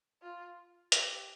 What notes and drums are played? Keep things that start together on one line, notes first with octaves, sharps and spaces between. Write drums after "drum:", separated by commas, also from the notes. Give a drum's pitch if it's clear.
F4
G4, drum: hi-hat